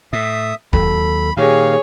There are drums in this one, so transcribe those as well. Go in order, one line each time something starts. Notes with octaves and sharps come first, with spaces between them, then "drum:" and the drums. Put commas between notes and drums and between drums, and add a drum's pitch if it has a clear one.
A2 E5 D#6
D#2 F#3 A4 B5, drum: kick D1
A#2 D#3 G4 G#4 C#5 F5